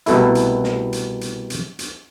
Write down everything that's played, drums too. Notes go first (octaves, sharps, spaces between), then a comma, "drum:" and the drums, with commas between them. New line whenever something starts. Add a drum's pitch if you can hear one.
C2 B2 A3 E4, drum: hi-hat
drum: hi-hat
drum: snare
drum: hi-hat
drum: hi-hat
drum: hi-hat
drum: hi-hat